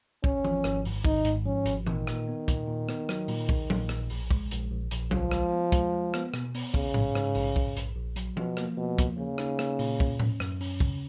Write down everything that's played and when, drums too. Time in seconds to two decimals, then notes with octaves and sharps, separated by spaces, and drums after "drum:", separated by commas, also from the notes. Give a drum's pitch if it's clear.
0.24 G#1 C#4, drum: kick
0.45 F3, drum: tom E3
0.64 G#1, drum: rim click
0.85 G#2, drum: open hi-hat
1.05 G#1 D#4, drum: kick
1.25 G#2, drum: hi-hat
1.45 F3 C#4
1.66 G#1, drum: hi-hat
1.87 A#2 D#3, drum: tom E3
2.07 A#2, drum: rim click
2.28 B3
2.48 A#2, drum: kick, hi-hat
2.67 A#2
2.89 B3, drum: rim click
3.09 F#3, drum: rim click
3.28 A#2, drum: open hi-hat
3.49 A#1, drum: kick
3.70 A#2, drum: tom F#3
3.89 A#1, drum: rim click
4.10 A#1, drum: open hi-hat
4.31 G#3, drum: kick
4.51 A#1, drum: hi-hat
4.71 A#1
4.91 A#1, drum: hi-hat
5.11 C#2 F3, drum: tom F#3
5.31 G#3, drum: rim click
5.52 B3
5.72 G#3, drum: kick, hi-hat
5.93 G#3
6.14 B3, drum: rim click
6.34 B2, drum: rim click
6.55 B3, drum: open hi-hat
6.74 A#1 C#3, drum: kick
6.94 G#2, drum: tom A2
7.15 G#2, drum: rim click
7.35 A#1, drum: open hi-hat
7.56 G#2, drum: kick
7.77 A#1, drum: hi-hat
7.96 A#1
8.16 F#3, drum: hi-hat
8.37 B2 F3, drum: tom F#3
8.57 A#3, drum: rim click
8.77 B2 F3
8.99 A#3, drum: kick, hi-hat
9.18 C#3 A#3
9.38 D#4, drum: rim click
9.59 A#3, drum: rim click
9.79 A#2, drum: open hi-hat
10.00 C#4, drum: kick
10.20 C#4, drum: tom A2
10.40 F#2, drum: rim click
10.61 C#4, drum: open hi-hat
10.80 C#3, drum: kick